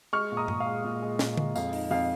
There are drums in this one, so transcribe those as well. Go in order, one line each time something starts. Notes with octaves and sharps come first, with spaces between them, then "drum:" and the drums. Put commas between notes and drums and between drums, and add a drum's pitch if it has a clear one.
G#3 C#6 F6
A#2
A#5 D#6
G#3, drum: tom G2
F5
G#3
A#2
G#3
A#2, drum: snare
G#3, drum: tom
F2 F5, drum: tambourine
D#4, drum: open hi-hat
F2 F5